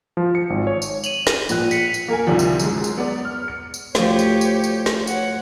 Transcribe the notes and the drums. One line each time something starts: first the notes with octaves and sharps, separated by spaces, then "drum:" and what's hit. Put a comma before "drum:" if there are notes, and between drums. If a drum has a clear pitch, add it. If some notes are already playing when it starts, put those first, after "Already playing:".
F3
C#7
G#1
C#5
drum: tambourine
D#7 F7 F#7, drum: tambourine
drum: snare
A#1 F#6, drum: tambourine
B6 C#7, drum: tambourine
drum: tambourine
A#3 A#4 G#5
C2 D3 D#3 F3
drum: tambourine
F#2 G#3, drum: tambourine
drum: tambourine
B3 D5
F6
C#7
drum: tambourine
D2 F3 G4 C#5, drum: snare
drum: tambourine
drum: tambourine
drum: tambourine
drum: snare
C#5 F#5, drum: tambourine